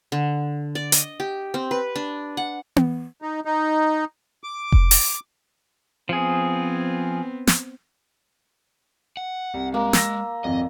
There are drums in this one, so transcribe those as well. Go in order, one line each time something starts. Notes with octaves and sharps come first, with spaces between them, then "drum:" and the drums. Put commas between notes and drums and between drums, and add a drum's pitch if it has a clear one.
D3
D5
D#5, drum: hi-hat
G4
C4
B4
D4
F#5
drum: tom B3
D#4
D#4
D6
drum: kick F1
drum: open hi-hat
F3 B3 C4 G#4
drum: snare
F#5
C2
G#3 A#3
E6 A#6, drum: snare
G#1 F2 D#5